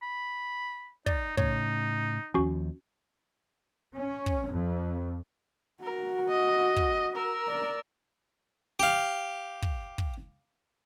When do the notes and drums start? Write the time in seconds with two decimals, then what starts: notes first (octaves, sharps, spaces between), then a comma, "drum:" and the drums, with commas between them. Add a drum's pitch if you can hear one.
0.02 B5
1.06 D#4 D5, drum: kick
1.37 A2 C#3 D#4 C#5, drum: kick
2.34 D#2 F3 C#4 F#4
3.98 C#4
4.26 drum: kick
4.51 F2
5.83 F#4 A#4
6.28 D#5
6.76 drum: kick
7.15 A#4 E6
7.48 D5
8.80 G4 F5
9.62 drum: kick
9.98 drum: kick